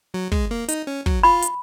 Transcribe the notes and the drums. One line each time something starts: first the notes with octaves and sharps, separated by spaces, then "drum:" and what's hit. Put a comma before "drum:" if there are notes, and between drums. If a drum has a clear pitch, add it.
F#3
G#3, drum: kick
A#3
D#4, drum: hi-hat
C#4
F#3, drum: kick
F4 B5
drum: hi-hat